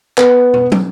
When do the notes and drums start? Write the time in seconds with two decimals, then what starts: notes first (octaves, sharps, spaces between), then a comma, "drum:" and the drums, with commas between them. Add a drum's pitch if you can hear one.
0.18 B3, drum: clap
0.54 drum: tom
0.72 drum: tom